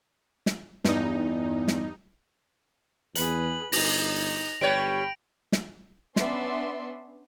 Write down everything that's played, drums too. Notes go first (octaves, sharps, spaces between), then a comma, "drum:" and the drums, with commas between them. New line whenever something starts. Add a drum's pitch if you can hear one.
drum: snare
E2 G2 D#4, drum: snare
drum: snare
E2 G#4 B4 F#7, drum: hi-hat
G1 D#4 A#6 F7, drum: open hi-hat
G1 G3 B4 C#5 G5 B5 D7
drum: snare
B3 C#4 D4 D5 E5 C6, drum: snare